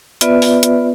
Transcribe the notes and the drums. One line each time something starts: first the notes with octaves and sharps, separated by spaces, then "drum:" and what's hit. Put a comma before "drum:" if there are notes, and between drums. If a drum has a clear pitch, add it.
B3 F4 B4 D5 E5, drum: hi-hat
drum: open hi-hat
drum: hi-hat